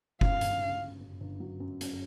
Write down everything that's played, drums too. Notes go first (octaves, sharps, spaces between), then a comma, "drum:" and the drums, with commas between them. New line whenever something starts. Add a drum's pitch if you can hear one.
C#3 F5, drum: kick F1
G1, drum: hi-hat
C#3
C#3
F#2
G1
F#3
F#2
F#2, drum: hi-hat